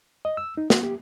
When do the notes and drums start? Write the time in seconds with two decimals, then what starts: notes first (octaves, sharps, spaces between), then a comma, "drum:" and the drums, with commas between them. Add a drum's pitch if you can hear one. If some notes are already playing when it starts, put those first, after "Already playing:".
0.25 D#5
0.37 E6
0.57 D#4
0.70 F#4, drum: snare
0.83 G4